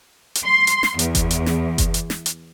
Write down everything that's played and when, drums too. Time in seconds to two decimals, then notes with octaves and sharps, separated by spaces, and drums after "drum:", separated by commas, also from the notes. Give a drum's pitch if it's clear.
0.35 drum: hi-hat
0.45 C6
0.67 drum: hi-hat
0.83 drum: snare
0.99 E2, drum: hi-hat
1.15 drum: kick F#1, hi-hat
1.31 drum: hi-hat
1.46 drum: snare
1.78 drum: kick F#1, hi-hat
1.94 drum: hi-hat
2.10 drum: snare
2.26 drum: hi-hat